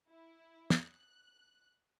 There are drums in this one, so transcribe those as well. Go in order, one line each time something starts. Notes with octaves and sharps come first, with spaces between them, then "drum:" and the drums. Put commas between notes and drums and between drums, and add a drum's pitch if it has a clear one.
E4
drum: snare
F#6